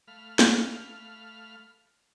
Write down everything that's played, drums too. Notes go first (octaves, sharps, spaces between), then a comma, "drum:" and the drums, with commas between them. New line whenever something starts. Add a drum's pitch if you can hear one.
A3 F5 B5 F6
drum: snare